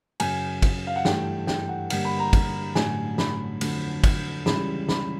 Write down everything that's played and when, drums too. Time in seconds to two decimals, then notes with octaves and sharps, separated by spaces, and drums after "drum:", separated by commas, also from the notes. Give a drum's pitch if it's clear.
0.20 F#2 C#3 F#3 G#5, drum: cymbal
0.62 drum: kick, cymbal
0.87 F5
0.96 F#5
1.05 G2 E3 A3 G5, drum: snare
1.47 G5, drum: snare
1.69 F#5
1.90 G2 D3 G3 A#3 F#5, drum: cymbal
2.05 B5
2.19 A#5
2.33 A#5, drum: kick, cymbal
2.75 A1 G2 D3 F#3 G#5, drum: snare
3.18 B5, drum: snare
3.61 F2 D3 F#3 A3, drum: cymbal
4.04 drum: kick, cymbal
4.46 C#2 C#3 E3 G3 B5, drum: snare
4.89 B5, drum: snare